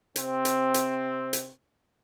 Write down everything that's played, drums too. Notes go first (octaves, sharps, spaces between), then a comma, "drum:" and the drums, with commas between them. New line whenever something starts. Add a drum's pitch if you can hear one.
C3 C4, drum: hi-hat
drum: hi-hat
drum: hi-hat
drum: hi-hat